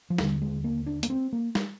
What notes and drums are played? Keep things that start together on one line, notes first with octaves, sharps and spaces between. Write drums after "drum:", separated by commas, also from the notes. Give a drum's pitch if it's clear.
F3
D#2 D3 G3, drum: snare G3
G#3
A#3
D4
A#3, drum: hi-hat
C4
A#3
drum: snare G3